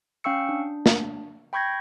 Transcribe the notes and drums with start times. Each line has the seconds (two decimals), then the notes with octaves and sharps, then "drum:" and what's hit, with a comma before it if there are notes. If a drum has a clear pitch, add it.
0.24 C#4 F5 G5 C#6 E6 C#7
0.49 D4
0.86 drum: snare
1.53 G5 B5 C#6 G6 G#6 A#6